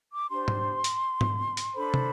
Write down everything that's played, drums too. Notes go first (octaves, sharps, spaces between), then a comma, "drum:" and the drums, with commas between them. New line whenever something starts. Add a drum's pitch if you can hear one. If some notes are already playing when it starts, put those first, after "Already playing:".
D6
D4 G4 C5 C6
drum: tom G#2
drum: hi-hat
drum: tom G#2
drum: hi-hat
D4 A4 C5 B5
drum: tom